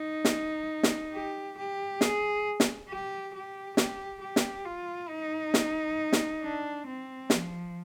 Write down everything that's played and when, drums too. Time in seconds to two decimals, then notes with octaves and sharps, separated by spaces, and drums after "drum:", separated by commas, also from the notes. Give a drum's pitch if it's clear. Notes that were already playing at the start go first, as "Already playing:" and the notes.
Already playing: D#4
0.25 drum: snare
0.83 drum: snare
1.13 G4
1.57 G4
2.01 G#4, drum: snare
2.60 drum: snare
2.89 G4
3.34 G4
3.77 G4, drum: snare
4.21 G4
4.36 drum: snare
4.65 F4
5.10 D#4
5.54 drum: snare
6.13 drum: snare
6.42 D4
6.87 C4
7.30 F3, drum: snare